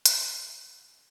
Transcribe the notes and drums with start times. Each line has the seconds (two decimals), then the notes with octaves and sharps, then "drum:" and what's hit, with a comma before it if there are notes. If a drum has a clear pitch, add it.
0.06 E5 F#5 G#5, drum: hi-hat